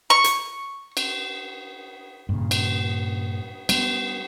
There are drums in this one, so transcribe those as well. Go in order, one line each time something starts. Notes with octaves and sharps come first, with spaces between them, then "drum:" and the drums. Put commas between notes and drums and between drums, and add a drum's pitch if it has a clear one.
C#6
drum: hi-hat
drum: cymbal
G2 A#2 C#3
drum: cymbal
G3 B3, drum: cymbal